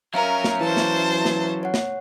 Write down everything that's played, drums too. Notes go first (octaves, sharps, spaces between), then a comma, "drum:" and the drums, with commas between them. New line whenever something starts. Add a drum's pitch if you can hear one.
F#3 C#4 A#4 E5 F5 A#5
drum: snare
E3 C5 A5
drum: snare
drum: snare
C#5 F#5
drum: snare